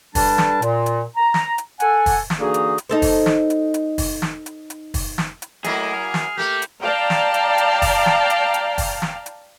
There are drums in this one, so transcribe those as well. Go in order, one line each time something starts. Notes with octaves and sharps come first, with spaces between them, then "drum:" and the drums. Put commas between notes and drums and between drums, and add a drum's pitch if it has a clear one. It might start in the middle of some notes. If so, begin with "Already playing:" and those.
G2 G3 D4 A4 A5, drum: kick, open hi-hat
drum: snare
A#2, drum: hi-hat
drum: hi-hat
A#5
drum: snare
drum: hi-hat
A4 F#5 G#5, drum: hi-hat
drum: kick, open hi-hat
drum: snare
D3 E3 A#3 D#4 F#4 G#4
drum: hi-hat
drum: hi-hat
D#4 A4 C5
drum: kick, open hi-hat
drum: snare
drum: hi-hat
drum: hi-hat
drum: kick, open hi-hat
drum: snare
drum: hi-hat
drum: hi-hat
drum: kick, open hi-hat
drum: snare
drum: hi-hat
F#3 A3 A#3 E4 G#4 D#5, drum: hi-hat
F6
drum: snare
A3 A#3 G4
drum: hi-hat
D5 F5 G5 A5 A#5
drum: snare
drum: hi-hat
drum: hi-hat
drum: kick, open hi-hat
drum: snare
drum: hi-hat
drum: hi-hat
drum: kick, open hi-hat
drum: snare
drum: hi-hat